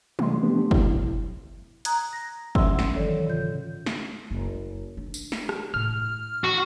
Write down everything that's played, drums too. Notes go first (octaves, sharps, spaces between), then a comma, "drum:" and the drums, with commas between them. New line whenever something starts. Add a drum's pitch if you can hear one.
C3 E3 A3 C6, drum: tom F#3
F3 A3 B3 C4 D4 G4
B2 F#3 E4, drum: kick
A#5 D#6 F#6 G#6, drum: hi-hat
A#6
F#3 C#4 E5 F#5 C6 E6, drum: kick
drum: snare
D#3 E3 F#3 A4 C#5 D5
G#2 C#3 F4 G6
drum: snare
F#1
D4
drum: tambourine
drum: snare
drum: rim click
A2 F6
F#4